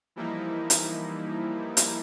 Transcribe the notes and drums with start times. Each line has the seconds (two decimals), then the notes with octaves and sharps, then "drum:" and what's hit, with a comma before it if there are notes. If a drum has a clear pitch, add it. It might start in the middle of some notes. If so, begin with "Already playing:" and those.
0.16 E3 F3 G3 A#3 D#4 E4
0.70 drum: hi-hat
1.77 drum: hi-hat